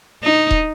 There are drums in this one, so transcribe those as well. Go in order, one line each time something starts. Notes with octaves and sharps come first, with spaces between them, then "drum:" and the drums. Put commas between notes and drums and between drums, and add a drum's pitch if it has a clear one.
D#4
drum: kick D#1